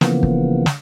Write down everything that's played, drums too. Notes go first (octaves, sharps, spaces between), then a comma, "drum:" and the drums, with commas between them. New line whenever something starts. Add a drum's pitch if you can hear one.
C#3 E3 F3 A#3 B3, drum: snare
drum: kick
drum: snare